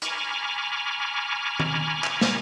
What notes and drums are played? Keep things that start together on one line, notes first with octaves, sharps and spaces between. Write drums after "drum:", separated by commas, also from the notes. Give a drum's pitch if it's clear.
G#5 A#5 B5 C#6 D6 F6, drum: hi-hat
drum: tom D#3
drum: clap
drum: snare